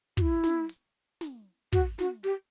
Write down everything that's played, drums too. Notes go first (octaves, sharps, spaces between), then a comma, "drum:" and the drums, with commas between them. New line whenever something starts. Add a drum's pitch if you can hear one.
F#4, drum: kick
E4
drum: snare
drum: hi-hat
drum: snare
F#4, drum: kick, hi-hat
F#4, drum: snare
G4, drum: hi-hat